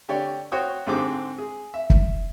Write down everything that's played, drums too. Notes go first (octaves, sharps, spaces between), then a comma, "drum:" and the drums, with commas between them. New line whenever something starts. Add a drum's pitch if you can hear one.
D3 G4 C#5 D5
F#4 C5 C#5 G5 D#6
G#2 D3 C4 G4 G#4 D6
G#4
E5
drum: kick